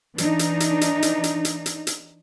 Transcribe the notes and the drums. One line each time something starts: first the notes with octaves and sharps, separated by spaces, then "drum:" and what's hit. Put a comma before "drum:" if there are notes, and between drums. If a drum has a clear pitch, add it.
E3 D4 D#4, drum: hi-hat
drum: hi-hat
drum: hi-hat
drum: hi-hat
drum: hi-hat
drum: hi-hat
drum: hi-hat
drum: hi-hat
drum: hi-hat